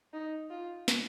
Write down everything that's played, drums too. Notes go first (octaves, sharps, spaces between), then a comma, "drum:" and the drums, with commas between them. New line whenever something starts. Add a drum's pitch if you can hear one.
D#4
F4
drum: snare